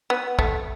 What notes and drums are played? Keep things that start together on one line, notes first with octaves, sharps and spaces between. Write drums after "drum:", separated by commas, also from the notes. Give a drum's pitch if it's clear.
B3
A3, drum: kick